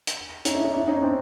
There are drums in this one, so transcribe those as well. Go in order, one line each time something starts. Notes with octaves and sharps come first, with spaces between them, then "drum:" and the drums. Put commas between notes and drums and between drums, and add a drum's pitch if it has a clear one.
drum: hi-hat
C#4 D#4, drum: hi-hat
D4 E4
C#4 D#4
D4 E4
C#4 D#4
C4 D4